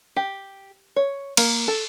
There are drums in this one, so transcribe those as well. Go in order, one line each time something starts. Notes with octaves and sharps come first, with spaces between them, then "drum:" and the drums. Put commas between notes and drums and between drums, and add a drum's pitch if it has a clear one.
G4
C#5
A#3, drum: cymbal
A4